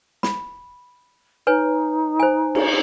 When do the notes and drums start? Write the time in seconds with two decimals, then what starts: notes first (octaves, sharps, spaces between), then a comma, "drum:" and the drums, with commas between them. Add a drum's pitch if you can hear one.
0.23 B5, drum: snare
1.47 D#4 B4 C#5 G#5
2.20 C5 G#5
2.55 drum: cymbal